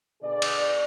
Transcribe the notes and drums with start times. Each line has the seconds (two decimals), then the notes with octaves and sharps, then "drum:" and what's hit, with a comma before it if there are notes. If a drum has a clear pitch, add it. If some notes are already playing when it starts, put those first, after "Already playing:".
0.21 B2 D3 G#4 D5
0.42 drum: cymbal